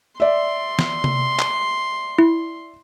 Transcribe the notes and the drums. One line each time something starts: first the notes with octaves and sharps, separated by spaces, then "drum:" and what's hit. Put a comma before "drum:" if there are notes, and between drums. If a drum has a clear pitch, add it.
D5 E5 C6
drum: snare
drum: tom C3
drum: clap
E4